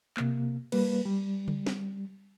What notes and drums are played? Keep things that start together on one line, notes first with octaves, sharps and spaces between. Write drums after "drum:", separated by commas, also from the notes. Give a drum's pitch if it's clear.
C3 A#3, drum: clap
G3 A#3 B4, drum: cymbal
G3
drum: tom C#3
drum: snare